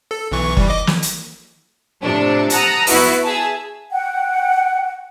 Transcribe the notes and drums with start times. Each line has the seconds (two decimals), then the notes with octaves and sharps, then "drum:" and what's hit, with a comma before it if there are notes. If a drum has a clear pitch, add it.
0.11 A4
0.31 B1 E3 C#6
0.57 E3 G3, drum: kick F#1
0.68 D#5 D6
0.87 drum: snare
1.02 drum: hi-hat
2.02 A2 C3 F3 D4
2.50 F#5 A5 A#5 D#6 E6, drum: hi-hat
2.87 B3 E4 F#4 B4, drum: open hi-hat
3.23 G#4 E5 G#5 A5
3.91 F#5 G5